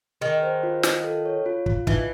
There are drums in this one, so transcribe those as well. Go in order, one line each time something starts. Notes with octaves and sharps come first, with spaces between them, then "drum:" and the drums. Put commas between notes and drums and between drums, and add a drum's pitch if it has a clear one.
D#3 G#4
C5
F4
F4, drum: snare
A4
C#5
F4
F4, drum: kick
E3 D#4, drum: kick